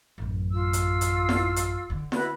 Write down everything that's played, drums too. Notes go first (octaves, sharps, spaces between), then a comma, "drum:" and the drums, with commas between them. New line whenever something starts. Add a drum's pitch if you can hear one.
A1 F#2
F4 E6
drum: hi-hat
drum: hi-hat
drum: snare E4
drum: hi-hat
D3
E4 F#4 B4, drum: snare E4